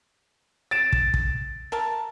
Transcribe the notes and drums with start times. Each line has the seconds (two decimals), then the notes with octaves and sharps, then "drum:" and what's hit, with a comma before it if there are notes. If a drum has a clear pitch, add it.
0.71 A6 D7 E7
0.92 drum: kick
1.14 drum: kick
1.72 A#4 E5 A5